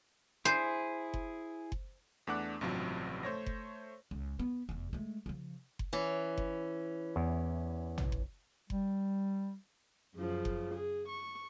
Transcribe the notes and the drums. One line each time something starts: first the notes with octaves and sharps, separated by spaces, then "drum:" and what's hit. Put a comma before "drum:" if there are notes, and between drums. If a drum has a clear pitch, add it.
E4 G#4 C5
drum: kick F#1
drum: kick F#1
E2 A3 D4 F#5 D6 F#6
A1 G2 C3 F3 F#3
A3 C5 C#5 A#6
drum: kick F#1
C#2
B3
F1 E2
G#3 A3
C#3 F3
drum: kick F#1
E3 C#4
drum: kick F#1
E2
drum: tom
drum: kick F#1
G3, drum: kick F#1
F#2 C#3 F3
drum: kick F#1
G#4
C#6